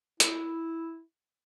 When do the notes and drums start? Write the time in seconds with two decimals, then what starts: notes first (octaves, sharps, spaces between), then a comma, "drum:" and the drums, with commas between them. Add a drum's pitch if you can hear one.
0.20 E4, drum: hi-hat